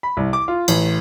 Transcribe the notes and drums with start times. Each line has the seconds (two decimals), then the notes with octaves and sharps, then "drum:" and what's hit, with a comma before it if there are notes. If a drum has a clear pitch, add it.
0.03 B5
0.17 C2
0.33 D6
0.48 F4
0.68 A1, drum: cymbal